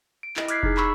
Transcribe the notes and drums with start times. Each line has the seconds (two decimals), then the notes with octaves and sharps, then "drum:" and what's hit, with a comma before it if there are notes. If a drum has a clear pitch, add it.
0.23 D7
0.36 E4 D#5, drum: clap
0.48 D6 F6 F#6 G#6 B6 C7, drum: hi-hat
0.63 D#4 G#4, drum: kick F1
0.77 B5 C#6 E6 B6, drum: clap